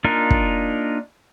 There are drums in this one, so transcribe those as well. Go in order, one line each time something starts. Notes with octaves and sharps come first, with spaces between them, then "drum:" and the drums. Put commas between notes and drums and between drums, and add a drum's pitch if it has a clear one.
A#3 D4 D#4 F4 A#4
drum: kick